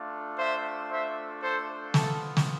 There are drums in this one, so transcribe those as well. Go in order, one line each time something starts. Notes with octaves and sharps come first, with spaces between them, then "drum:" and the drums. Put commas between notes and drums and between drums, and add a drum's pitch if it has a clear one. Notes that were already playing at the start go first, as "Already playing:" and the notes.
Already playing: A3 D4 F4
C5 E5
C5 E5
A4 C5
B3 F4 A4, drum: snare
drum: snare